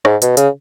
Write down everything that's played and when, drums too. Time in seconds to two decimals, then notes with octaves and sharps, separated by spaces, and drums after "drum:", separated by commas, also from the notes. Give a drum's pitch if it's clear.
0.05 G#2, drum: rim click
0.22 B2, drum: hi-hat
0.37 C#3, drum: hi-hat